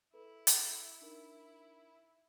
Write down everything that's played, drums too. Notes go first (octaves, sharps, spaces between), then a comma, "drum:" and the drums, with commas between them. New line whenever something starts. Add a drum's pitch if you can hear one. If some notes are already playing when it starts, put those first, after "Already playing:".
E4 A4 B4
drum: hi-hat
D4 D#4 A#4